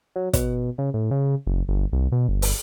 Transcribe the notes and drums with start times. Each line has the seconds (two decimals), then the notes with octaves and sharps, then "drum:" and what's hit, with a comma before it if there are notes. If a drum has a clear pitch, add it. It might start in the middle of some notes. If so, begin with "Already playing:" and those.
0.16 F#3
0.33 B2, drum: kick, hi-hat
0.78 C#3
0.94 A2
1.11 C#3
1.47 F#1
1.69 G1
1.93 C2
2.12 B2
2.29 G1
2.42 drum: open hi-hat